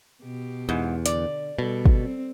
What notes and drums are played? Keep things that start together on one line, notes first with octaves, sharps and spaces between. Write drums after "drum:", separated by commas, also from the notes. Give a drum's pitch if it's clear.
B2 G4
E2 G#2
D3 D5, drum: hi-hat
B2 G3 A4
drum: kick
C4